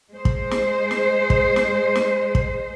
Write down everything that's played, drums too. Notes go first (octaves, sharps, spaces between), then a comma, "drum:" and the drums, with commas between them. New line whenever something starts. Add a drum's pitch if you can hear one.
G#3 C5
drum: kick
drum: snare
drum: snare
drum: kick
drum: snare
drum: snare
drum: kick